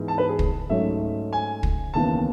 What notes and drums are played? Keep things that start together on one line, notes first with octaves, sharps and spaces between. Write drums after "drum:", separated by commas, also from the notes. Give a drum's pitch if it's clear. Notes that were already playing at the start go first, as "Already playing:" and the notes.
Already playing: G#2 E3 G#3 B3
A5
B4
G#4
drum: kick
G#2 F#3 A3 C#4 E5
G#5
drum: kick
D#2 C#3 E3 B3 A5